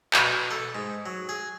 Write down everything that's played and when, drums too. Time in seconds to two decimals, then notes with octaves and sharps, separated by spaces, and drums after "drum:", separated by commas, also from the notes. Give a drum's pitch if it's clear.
0.13 B2, drum: clap
0.51 A4
0.75 G#2
1.06 F#3
1.29 G#4